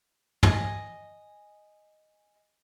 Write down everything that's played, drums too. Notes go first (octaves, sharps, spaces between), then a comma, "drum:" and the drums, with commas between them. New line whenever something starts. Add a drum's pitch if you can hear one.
D#5 G#5, drum: tom